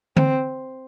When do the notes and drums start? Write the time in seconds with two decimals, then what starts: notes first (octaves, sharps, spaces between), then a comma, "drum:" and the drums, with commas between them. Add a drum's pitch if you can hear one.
0.17 C4, drum: tom D3